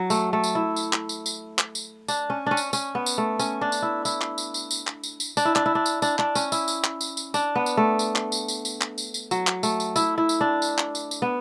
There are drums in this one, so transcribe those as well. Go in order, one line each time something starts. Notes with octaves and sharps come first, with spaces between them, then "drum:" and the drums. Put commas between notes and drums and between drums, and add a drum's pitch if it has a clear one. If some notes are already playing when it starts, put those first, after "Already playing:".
Already playing: F#3
A3, drum: tambourine
A3
drum: tambourine
E4
drum: tambourine
drum: clap
drum: tambourine
drum: tambourine
drum: clap
drum: tambourine
D4, drum: tambourine
C#4
C#4 D4
drum: tambourine
C#4, drum: tambourine
B3
drum: tambourine
A3
C#4, drum: tambourine
D4
drum: tambourine
E4
E4, drum: tambourine
drum: clap
drum: tambourine
drum: tambourine
drum: tambourine
drum: clap
drum: tambourine
drum: tambourine
D4, drum: tambourine
E4
D4, drum: clap
E4
D4
drum: tambourine
D4, drum: tambourine
D4, drum: clap
C#4, drum: tambourine
E4, drum: tambourine
drum: tambourine
drum: clap
drum: tambourine
drum: tambourine
D4, drum: tambourine
B3
drum: tambourine
A3
drum: tambourine
drum: clap
drum: tambourine
drum: tambourine
drum: tambourine
drum: clap
drum: tambourine
drum: tambourine
F#3, drum: tambourine
drum: clap
A3, drum: tambourine
drum: tambourine
E4, drum: tambourine
E4
drum: tambourine
D4
drum: tambourine
drum: clap
drum: tambourine
drum: tambourine
B3